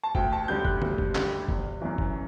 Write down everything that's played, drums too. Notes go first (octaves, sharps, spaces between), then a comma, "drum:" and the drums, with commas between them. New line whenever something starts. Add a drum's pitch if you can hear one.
A5
D2 G5, drum: kick
A5
D3 G3 G6
F#6, drum: kick
D2, drum: tom
drum: kick
D3 G3, drum: clap
G1, drum: kick
F#2 E3
drum: kick